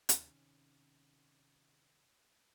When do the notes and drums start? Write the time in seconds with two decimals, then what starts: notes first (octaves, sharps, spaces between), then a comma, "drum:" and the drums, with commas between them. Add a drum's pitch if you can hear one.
0.09 C3 D#3 C#4, drum: hi-hat